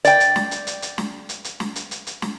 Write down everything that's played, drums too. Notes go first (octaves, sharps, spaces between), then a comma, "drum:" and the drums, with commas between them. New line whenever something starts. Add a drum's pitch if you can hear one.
D5 G5, drum: hi-hat
drum: hi-hat
drum: snare
drum: hi-hat
drum: hi-hat
drum: hi-hat
drum: snare
drum: hi-hat
drum: hi-hat
drum: snare
drum: hi-hat
drum: hi-hat
drum: hi-hat
drum: snare